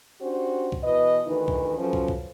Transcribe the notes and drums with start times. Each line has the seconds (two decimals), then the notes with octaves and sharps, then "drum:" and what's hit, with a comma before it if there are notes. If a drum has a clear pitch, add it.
0.21 C#4 D4 F#4 G4 C5
0.72 drum: kick
0.83 B2 E3 B4 D#5
1.27 D2 D#3 E3 D#4 B4
1.48 drum: kick
1.78 F3 F#3 C#4 A4 B4 C5
1.93 drum: kick
2.08 drum: kick